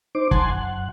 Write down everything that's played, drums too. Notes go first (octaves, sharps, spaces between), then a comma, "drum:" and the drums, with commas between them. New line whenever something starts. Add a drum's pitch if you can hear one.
D#4 C5 D6
F#5 G#5 A5 C6, drum: kick
F#2 F#5